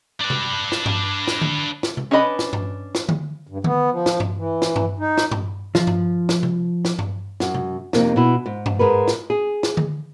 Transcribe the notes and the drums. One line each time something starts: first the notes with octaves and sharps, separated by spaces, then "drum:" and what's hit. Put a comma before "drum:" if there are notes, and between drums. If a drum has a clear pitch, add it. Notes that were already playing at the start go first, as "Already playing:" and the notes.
D4 B4
drum: tom C3
drum: snare
drum: tom G2
drum: snare
drum: tom D3
drum: snare
drum: tom C3
C#4 D4 B4 D#5 B5
drum: snare
drum: tom G2
drum: snare
drum: tom D3
G2
B3, drum: tom D3
F3
drum: snare
drum: tom G2
E3
drum: snare
drum: tom G2
D#4
drum: snare
drum: tom G2
F3, drum: snare
drum: tom G2
drum: snare
drum: tom C3
drum: snare
drum: tom G2
F#2, drum: snare
drum: tom C3
F2 C3 A#3 C4 D#4, drum: snare
B2 E4
G#2
drum: tom G2
G#2 G#3 A#4 B4
drum: snare
G#4
drum: snare
drum: tom D3